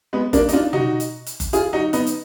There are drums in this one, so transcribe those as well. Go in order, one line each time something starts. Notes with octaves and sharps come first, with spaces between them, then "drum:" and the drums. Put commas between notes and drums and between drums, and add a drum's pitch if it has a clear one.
G#3 B3
A#3 D4, drum: kick F#1, hi-hat
D#4, drum: hi-hat
D4 F4
D#4 F#4, drum: tom
drum: hi-hat
drum: hi-hat
drum: kick F#1, hi-hat
F4 G#4, drum: hi-hat
D#4 F#4
B3 D#4, drum: hi-hat
drum: hi-hat